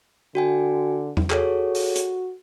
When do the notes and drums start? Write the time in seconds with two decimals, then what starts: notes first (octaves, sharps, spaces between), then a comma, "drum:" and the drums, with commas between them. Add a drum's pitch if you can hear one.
0.35 D3 F#4 G5 G#5
1.17 drum: tom E2
1.30 F#4 G#4 A4 C#5, drum: clap
1.75 drum: open hi-hat
1.96 drum: hi-hat